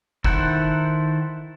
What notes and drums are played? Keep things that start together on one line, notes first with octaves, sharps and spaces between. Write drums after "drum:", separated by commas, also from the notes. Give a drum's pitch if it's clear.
D#3 E4 A4 C5 F#5, drum: kick